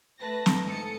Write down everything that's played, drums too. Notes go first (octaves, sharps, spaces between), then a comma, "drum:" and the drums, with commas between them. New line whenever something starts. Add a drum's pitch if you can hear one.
A3 B4 A5 A#6
drum: snare
G#2 A4 D#6 C#7